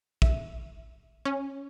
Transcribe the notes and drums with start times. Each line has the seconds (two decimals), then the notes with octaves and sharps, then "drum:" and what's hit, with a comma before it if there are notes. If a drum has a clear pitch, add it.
0.22 E5, drum: kick
1.25 C#4